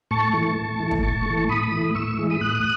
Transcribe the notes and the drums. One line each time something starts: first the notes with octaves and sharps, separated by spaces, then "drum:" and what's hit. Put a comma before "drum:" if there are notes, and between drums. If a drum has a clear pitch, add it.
A2 A5 C#6
E3 A3
A2
E3 A3
drum: kick
A2 A5 C#6
E3 A3
A2 B5 D#6
E3 A3
A2 C#6 E6
C#6 E6
E3 G#3
B5 D#6
A2 D#6 F#6